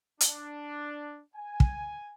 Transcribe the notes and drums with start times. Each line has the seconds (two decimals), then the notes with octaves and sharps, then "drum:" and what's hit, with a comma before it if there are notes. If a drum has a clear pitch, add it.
0.21 D4, drum: hi-hat
1.35 G#5
1.60 drum: kick